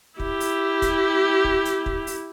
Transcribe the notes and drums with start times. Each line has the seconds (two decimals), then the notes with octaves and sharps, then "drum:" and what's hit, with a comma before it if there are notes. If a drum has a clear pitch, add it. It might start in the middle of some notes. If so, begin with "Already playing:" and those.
0.20 E4 G4, drum: kick
0.40 drum: open hi-hat
0.82 drum: kick, hi-hat
1.44 drum: kick
1.65 drum: hi-hat
1.86 drum: kick
2.07 drum: open hi-hat